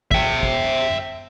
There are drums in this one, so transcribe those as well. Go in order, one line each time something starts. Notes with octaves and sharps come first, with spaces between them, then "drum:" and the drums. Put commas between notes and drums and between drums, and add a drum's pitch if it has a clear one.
E5 G5, drum: kick G#1
drum: kick G#1
drum: tom F#2
drum: tom F#2